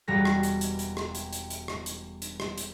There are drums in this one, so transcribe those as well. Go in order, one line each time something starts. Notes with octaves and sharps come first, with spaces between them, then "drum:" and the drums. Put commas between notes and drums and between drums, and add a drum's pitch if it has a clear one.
E1 G3 F#4 A#4 A#6
drum: rim click
drum: hi-hat
drum: hi-hat
drum: hi-hat
drum: rim click
drum: hi-hat
drum: hi-hat
drum: hi-hat
drum: rim click
drum: hi-hat
drum: hi-hat
drum: rim click
drum: hi-hat